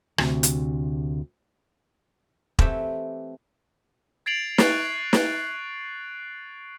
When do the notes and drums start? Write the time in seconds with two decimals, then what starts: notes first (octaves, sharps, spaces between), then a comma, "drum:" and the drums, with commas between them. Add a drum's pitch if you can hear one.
0.18 D2 C3, drum: rim click
0.43 drum: hi-hat
2.59 E3 A3 C4 G4 E5, drum: kick E1
4.26 G#6 A6 C7 D7 F7 F#7
4.58 C#6 F#6 A6 C7 F#7, drum: snare
5.13 drum: snare